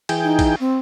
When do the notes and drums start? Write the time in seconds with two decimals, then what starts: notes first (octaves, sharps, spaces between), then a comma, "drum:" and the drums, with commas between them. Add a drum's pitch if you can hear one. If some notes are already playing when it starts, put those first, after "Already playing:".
0.09 E3 G#4 G5, drum: cymbal
0.24 D#4
0.39 drum: kick A1, cymbal
0.60 C4